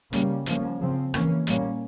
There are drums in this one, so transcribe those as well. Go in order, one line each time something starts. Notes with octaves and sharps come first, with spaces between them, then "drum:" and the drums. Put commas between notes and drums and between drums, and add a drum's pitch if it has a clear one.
C#3 G3 A#3 C#4, drum: hi-hat
F3 A#3 C#4, drum: hi-hat
C#3 F3 C4
E3 A#3 C#4, drum: rim click
A#2 G3 A#3 C#4, drum: hi-hat